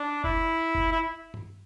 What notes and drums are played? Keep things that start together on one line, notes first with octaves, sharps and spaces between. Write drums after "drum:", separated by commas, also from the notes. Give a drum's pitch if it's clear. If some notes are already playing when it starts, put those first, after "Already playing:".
Already playing: D4
E4, drum: kick F#1
drum: kick F#1
E4
drum: tom G2